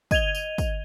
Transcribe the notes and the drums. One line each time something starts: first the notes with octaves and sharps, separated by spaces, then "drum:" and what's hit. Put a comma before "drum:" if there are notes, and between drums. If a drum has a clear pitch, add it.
D#5 G#6 D#7 F7 G7, drum: kick, tambourine
drum: tambourine
drum: kick, tambourine